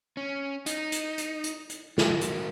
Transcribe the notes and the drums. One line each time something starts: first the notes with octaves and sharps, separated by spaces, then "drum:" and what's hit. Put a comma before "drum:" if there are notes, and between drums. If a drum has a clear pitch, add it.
C#4
D#4, drum: hi-hat
drum: hi-hat
drum: hi-hat
drum: hi-hat
drum: hi-hat
D#3 G#3 F#4 A#4, drum: snare
drum: hi-hat